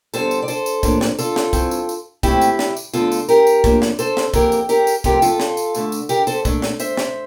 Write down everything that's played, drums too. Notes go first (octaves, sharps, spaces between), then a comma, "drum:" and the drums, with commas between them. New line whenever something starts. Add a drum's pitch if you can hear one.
E2 D3 G3 A4 C5, drum: tambourine
drum: tambourine
D5
A4 C5, drum: tambourine
drum: tambourine
A2 F3 A#3 D4, drum: kick, tambourine
drum: snare
F4 A4, drum: tambourine
drum: snare
G2 E3 A3 C4, drum: kick, tambourine
drum: tambourine
drum: tambourine
A#2 A3 C4 E4 G4, drum: kick, tambourine
drum: tambourine
drum: snare
drum: tambourine
E2 D3 A3 F4 A4, drum: tambourine
drum: tambourine
G4 A#4, drum: tambourine
drum: tambourine
A2 F3 A#3 D4, drum: kick, tambourine
drum: snare
A4 C5, drum: tambourine
drum: snare
F2 E3 A#3 G4 A#4, drum: kick, tambourine
drum: tambourine
G4 A#4, drum: tambourine
drum: tambourine
F2 C3 E3 A3 G4 A#4, drum: kick, tambourine
F4 A4, drum: tambourine
drum: snare
drum: tambourine
D2 D3 A3, drum: tambourine
drum: tambourine
G4 A#4, drum: tambourine
A4 C5, drum: tambourine
A#2 A3 D4, drum: kick, tambourine
drum: snare
C5 E5, drum: tambourine
drum: snare